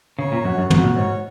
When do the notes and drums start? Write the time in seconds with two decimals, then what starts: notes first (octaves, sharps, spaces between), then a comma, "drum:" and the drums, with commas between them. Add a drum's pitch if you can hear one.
0.19 C#3 C#5
0.32 A#2
0.44 F#2 F#4
0.58 F#2
0.70 G#2 F#4, drum: tom
0.84 A#2
0.96 G#2 C#5